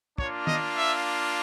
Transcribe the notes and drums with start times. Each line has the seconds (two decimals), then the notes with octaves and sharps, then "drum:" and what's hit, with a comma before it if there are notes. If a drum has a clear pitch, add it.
0.18 A#3 D4 F4 C#5, drum: kick
0.47 D#5, drum: tom D#3
0.76 E5